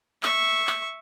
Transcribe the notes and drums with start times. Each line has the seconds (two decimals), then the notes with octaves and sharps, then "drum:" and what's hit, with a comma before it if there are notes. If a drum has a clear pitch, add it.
0.23 E5 C#6, drum: clap
0.67 drum: clap